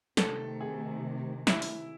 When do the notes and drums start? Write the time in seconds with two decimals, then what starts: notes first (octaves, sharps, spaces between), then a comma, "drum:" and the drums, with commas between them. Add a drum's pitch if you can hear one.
0.17 C3 D#3 A3 A4, drum: snare
0.61 G#4
1.47 E4, drum: snare
1.62 drum: open hi-hat